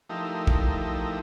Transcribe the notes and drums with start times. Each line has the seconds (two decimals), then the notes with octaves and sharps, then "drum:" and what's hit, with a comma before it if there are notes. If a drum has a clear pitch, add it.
0.09 F3 A3 D#4 E4 G4 A#4
0.47 drum: kick